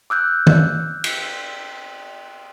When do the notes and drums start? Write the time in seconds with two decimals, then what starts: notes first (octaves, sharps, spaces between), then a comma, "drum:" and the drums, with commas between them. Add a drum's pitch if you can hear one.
0.10 D6 E6 F#6 G6
0.47 drum: tom
1.04 drum: cymbal